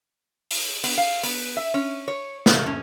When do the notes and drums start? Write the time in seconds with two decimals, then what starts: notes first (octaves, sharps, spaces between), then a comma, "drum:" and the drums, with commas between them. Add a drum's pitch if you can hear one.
0.51 drum: open hi-hat
0.84 B3, drum: open hi-hat
0.98 F5
1.23 B3, drum: open hi-hat
1.57 E5
1.74 C#4
2.08 C#5
2.46 C#3, drum: snare
2.66 C#4